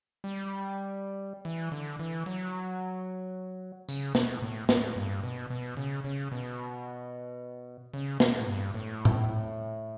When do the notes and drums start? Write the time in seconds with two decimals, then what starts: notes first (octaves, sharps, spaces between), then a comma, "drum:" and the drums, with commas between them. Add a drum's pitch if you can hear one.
0.24 G3
1.45 E3
1.72 D3
1.99 E3
2.26 F#3
3.89 C#3, drum: tambourine
4.15 B2, drum: snare
4.42 A2
4.69 A2, drum: snare
4.96 G2
5.24 B2
5.50 B2
5.77 C#3
6.04 C#3
6.32 B2
7.93 C#3
8.20 B2, drum: snare
8.40 A2
8.47 G2
8.74 A2
9.05 drum: tom A2